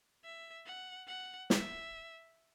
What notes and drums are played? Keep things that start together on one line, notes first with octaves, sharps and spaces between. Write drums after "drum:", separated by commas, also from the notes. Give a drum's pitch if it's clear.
E5
F#5
F#5
E5, drum: snare